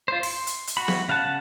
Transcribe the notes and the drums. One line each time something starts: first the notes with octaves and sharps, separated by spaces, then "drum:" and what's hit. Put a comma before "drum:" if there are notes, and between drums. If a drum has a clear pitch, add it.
F4 C5
C6, drum: open hi-hat
drum: hi-hat
drum: hi-hat
F#4 B5
drum: snare
C#3 F5 F#5 A5 F#6